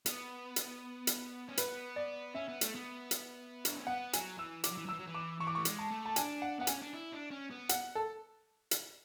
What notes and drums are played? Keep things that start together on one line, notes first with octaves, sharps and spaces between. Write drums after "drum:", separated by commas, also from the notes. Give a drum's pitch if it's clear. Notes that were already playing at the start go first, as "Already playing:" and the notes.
B3, drum: hi-hat
drum: hi-hat
drum: hi-hat
C#4
B3 B4, drum: hi-hat
D5
C#4 E5
B3
A3, drum: hi-hat
B3
drum: hi-hat
D4, drum: hi-hat
C#4
B3 F#5
F#3 G#5, drum: hi-hat
E3 E6
E3 D6, drum: hi-hat
F#3
E3
F#3
E3 E6
F#3
E3
D6
E3 C#6
D6
A3 C#6
G#3, drum: hi-hat
A5
A3
A5
D4 G#5, drum: hi-hat
F#5
B3 F#5
C#4 G#5, drum: hi-hat
D4
E4
D4
C#4
B3
F#5, drum: hi-hat
A4
drum: hi-hat